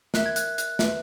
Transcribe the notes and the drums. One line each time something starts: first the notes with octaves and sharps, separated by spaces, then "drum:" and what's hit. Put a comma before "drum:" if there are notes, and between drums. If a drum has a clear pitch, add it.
A#4 E5 F#6, drum: snare
G#6
F#6, drum: hi-hat
F#6, drum: hi-hat
B4 E5, drum: snare